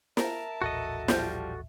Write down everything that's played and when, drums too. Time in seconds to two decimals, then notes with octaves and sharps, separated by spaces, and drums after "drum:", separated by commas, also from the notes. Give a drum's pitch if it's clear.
0.17 A#4 E5 A5, drum: snare
0.62 D#1 A1 F#4 A4 D#5
1.08 F3 G3 F4, drum: snare